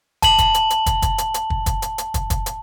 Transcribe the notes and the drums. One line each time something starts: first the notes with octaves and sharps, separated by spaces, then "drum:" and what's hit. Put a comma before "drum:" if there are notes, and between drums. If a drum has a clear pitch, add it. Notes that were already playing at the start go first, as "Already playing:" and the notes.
A5 F#7, drum: kick, hi-hat
drum: kick, hi-hat
drum: hi-hat
drum: hi-hat
drum: kick, hi-hat
drum: kick, hi-hat
drum: hi-hat
drum: hi-hat
drum: kick
drum: kick, hi-hat
drum: hi-hat
drum: hi-hat
drum: kick, hi-hat
drum: kick, hi-hat
drum: hi-hat